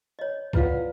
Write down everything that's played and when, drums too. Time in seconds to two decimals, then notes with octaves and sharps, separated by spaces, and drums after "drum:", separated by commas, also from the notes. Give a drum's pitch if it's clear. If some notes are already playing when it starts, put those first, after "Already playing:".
0.19 C#5 D#5
0.53 E4 F4 B4 D5 F5 F#5, drum: kick